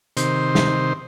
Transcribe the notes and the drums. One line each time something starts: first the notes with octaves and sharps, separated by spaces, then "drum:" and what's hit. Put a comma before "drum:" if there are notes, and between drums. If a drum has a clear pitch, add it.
C3 D#3 C5, drum: hi-hat
drum: snare